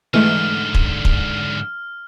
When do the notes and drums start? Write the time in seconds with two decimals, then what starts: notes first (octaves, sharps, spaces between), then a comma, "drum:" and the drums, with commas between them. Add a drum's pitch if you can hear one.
0.14 G#2 D3 E3 G#3 A3 F6
0.74 drum: kick
1.05 drum: kick